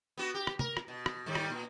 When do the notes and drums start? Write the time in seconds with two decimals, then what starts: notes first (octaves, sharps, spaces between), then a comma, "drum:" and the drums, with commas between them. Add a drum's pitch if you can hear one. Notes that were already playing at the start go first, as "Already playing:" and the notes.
0.18 B3 F#4
0.34 G4
0.47 drum: rim click
0.59 A#4, drum: tom
0.77 drum: rim click
0.88 B2
1.06 drum: rim click
1.26 G#2 D#3 G3
1.35 drum: rim click
1.50 A#2